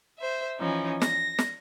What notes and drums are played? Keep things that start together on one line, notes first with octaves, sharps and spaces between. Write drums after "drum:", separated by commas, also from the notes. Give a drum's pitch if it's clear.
C5 E5
E3 F3 C#4 D#4
A#6, drum: snare
drum: snare